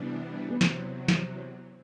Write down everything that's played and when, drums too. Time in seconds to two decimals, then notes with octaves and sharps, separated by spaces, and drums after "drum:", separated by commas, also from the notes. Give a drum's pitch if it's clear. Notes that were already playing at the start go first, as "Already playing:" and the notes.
Already playing: C3 E3 G3 B3 D4
0.49 B3
0.61 E2 C3 F#3 C4, drum: snare
1.08 drum: snare